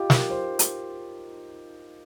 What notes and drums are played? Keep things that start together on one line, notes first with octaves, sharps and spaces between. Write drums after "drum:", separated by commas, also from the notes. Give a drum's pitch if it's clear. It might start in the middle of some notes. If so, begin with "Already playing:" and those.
Already playing: D#4 F4 G4
A#4, drum: snare
C5
drum: hi-hat